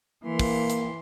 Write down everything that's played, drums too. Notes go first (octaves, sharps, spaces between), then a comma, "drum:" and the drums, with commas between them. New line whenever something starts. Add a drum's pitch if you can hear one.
E3 A#3 C6
drum: kick, open hi-hat
drum: hi-hat